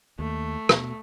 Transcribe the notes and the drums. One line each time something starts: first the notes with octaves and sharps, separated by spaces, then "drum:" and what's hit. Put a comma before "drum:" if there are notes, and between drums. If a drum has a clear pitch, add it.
D#2 A3
B2, drum: rim click